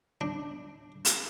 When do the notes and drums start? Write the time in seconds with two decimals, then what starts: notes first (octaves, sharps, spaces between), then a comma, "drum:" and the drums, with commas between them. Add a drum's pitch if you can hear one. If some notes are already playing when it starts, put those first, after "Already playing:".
0.21 D4
1.05 drum: hi-hat